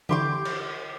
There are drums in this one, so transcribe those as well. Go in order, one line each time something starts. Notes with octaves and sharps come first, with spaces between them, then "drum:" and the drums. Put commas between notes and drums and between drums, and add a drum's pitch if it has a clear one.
D3 E3 E4 G4 C6 D6
drum: cymbal